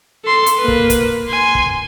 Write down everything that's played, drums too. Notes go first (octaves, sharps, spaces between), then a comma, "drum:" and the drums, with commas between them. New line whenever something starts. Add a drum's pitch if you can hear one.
A4 C6
drum: hi-hat
A#3 B4
drum: kick
drum: kick, hi-hat
G#5 C6
drum: kick